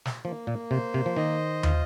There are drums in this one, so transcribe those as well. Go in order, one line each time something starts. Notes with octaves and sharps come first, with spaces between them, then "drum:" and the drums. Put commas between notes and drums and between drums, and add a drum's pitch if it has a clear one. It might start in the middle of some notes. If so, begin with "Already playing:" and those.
drum: snare
F3 A#3
A#2
C3 C5
C3
F3
D#3 D#5
F4, drum: tom